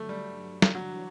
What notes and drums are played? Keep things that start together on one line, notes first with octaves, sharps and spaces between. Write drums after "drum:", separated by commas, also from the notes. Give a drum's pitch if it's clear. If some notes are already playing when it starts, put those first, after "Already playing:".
Already playing: G2 D3 F#3 A3
G3
drum: snare
E3 F#3 G3 D4 F#4 C#5